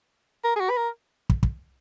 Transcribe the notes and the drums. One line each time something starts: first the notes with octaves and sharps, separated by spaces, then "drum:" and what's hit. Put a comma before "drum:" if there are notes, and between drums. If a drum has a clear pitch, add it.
A#4
G#4
F#4
B4
A#4
drum: kick
drum: kick